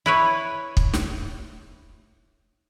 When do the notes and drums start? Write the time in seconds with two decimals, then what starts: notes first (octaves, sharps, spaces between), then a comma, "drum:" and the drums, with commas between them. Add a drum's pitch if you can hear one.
0.06 E4 B4 C#5
0.77 drum: kick
0.93 drum: snare